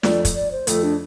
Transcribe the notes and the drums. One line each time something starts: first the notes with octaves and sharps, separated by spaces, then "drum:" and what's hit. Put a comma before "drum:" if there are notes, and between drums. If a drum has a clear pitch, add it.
F2 F3 A3 D5, drum: snare
drum: kick, hi-hat
D5
C5
F2 F3 A3 A4, drum: hi-hat
D4